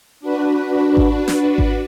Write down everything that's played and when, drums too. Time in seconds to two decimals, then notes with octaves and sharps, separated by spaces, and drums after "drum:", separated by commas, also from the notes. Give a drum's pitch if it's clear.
0.20 D4 F#4 B4
0.97 drum: kick G#1
1.28 drum: snare
1.58 drum: kick G#1